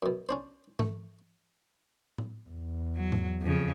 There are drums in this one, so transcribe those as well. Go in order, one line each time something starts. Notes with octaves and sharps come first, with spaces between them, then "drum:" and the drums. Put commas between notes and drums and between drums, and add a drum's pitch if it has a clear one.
F#2 B2
C#4 D4 C5
A3, drum: tom G#2
drum: tom A2
E2
F#3
drum: tom G#2
F2 C#3